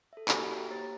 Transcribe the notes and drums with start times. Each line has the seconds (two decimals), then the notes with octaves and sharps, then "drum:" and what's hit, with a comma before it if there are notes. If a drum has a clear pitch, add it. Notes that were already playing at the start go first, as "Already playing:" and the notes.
0.13 A4 E5
0.28 A#3 F#4 G4 A4 E5 B5, drum: clap
0.42 A5
0.57 G5 A#5
0.70 A#3 G4 C5 C#5 E5 A6
0.82 C#5 E5